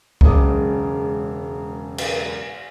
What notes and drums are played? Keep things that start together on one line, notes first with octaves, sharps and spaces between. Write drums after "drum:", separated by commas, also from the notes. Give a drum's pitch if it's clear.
E1 F#2 C#3 G#3 D6 D#6, drum: kick C2
drum: cymbal